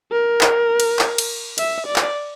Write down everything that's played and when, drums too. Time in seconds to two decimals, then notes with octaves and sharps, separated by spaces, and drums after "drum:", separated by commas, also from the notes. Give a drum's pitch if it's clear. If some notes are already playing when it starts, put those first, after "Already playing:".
0.12 A#4
0.41 drum: clap
0.80 drum: cymbal
0.99 drum: clap
1.18 drum: cymbal
1.58 E5, drum: cymbal
1.87 D5
1.96 drum: clap